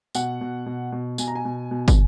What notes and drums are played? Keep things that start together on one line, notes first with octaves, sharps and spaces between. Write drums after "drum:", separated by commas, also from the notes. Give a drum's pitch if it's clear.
B2 F#5, drum: tambourine
B2
B2
B2
B2 G#5, drum: tambourine
A#5
G#5
B2
B2
drum: kick, tambourine